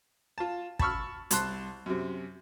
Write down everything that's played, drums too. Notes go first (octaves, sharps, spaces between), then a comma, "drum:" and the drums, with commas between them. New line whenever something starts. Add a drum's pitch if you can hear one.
F4 A5
A5 B5 C#6 E6 F6, drum: kick
C2 A5 C6 F#6, drum: hi-hat
F#2 C3